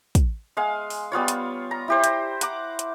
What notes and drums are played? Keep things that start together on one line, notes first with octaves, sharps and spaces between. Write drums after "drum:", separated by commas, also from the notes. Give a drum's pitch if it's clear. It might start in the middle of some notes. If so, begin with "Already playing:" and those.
drum: kick, hi-hat
G#3 F5 G#5
drum: open hi-hat
G3 B3 F4 C#5
drum: hi-hat
A#5
E4 G4 C5
drum: hi-hat
F#5 A#5 D6, drum: hi-hat
drum: hi-hat